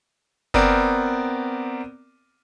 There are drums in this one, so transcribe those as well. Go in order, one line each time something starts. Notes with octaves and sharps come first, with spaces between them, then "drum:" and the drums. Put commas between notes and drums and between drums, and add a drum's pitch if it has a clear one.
B3 C4 A#4 D5, drum: kick F#1